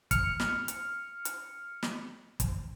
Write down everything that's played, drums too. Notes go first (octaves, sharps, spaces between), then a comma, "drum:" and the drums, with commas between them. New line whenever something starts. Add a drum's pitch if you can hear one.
F6 C#7, drum: kick, hi-hat
drum: snare
drum: hi-hat
drum: hi-hat
drum: snare
drum: kick, hi-hat